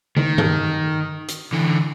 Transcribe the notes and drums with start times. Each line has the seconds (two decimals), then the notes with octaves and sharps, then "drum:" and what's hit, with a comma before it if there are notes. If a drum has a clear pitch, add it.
0.17 D#3, drum: tom
0.38 drum: tom
1.28 drum: hi-hat
1.53 D3 E3